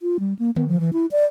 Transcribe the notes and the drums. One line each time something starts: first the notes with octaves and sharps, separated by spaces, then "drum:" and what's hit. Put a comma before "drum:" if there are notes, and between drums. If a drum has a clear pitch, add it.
F4
G3
A#3
B3, drum: tom D3
F3
E3
E4
D5